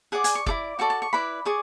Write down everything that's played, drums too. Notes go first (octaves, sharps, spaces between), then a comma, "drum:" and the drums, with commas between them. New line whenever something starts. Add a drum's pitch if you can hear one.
G#4 D5 F#5
G#5, drum: hi-hat
C#6
E4 A4 D5 D6, drum: kick
F#4 A4 D5 C#6
A5
C#6
E4 B4 D5 B5
G#4 D5 C#6